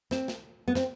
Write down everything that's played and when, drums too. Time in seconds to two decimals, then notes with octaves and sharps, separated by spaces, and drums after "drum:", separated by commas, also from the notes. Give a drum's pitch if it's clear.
0.11 C4, drum: snare
0.28 drum: snare
0.68 B3
0.75 C4, drum: snare